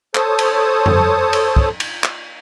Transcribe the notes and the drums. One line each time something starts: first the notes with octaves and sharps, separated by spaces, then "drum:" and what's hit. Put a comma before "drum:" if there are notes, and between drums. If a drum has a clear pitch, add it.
A4 C5 C#5 A5 D#6, drum: clap
drum: cymbal
drum: tom F2
drum: cymbal
drum: kick
drum: cymbal
drum: clap